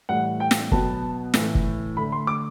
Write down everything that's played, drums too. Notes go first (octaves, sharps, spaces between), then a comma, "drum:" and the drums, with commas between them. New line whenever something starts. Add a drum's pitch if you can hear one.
A2 E3 G3 F#5
G5
drum: snare
B2 F#3 B3 A5, drum: kick
A2 E3 A3, drum: snare
drum: kick
D3 A3 B5
C6
D6